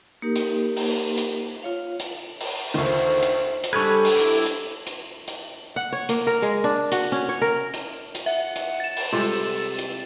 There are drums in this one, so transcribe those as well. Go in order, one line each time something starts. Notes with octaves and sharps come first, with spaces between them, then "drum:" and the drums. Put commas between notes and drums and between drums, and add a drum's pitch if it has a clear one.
A#3 D#4 G4 A#4
drum: hi-hat
drum: open hi-hat
drum: hi-hat
F4 C#5 F5
drum: hi-hat
drum: open hi-hat
D2 D#3 F4 C5 C#6
drum: hi-hat
drum: hi-hat
G3 D4 G#4 A4 B4 B5 C#6 G#6
drum: open hi-hat
E4 G4
drum: hi-hat
drum: hi-hat
drum: hi-hat
F#5
C#5
A#3, drum: hi-hat
A#4
G#3
D4
F#4, drum: hi-hat
C#4
C#5
A#4
drum: hi-hat
drum: hi-hat
E5 F#5
drum: hi-hat
A6 E7
drum: open hi-hat
C3 G3 G#3 F4 G4 A4 D#5
drum: hi-hat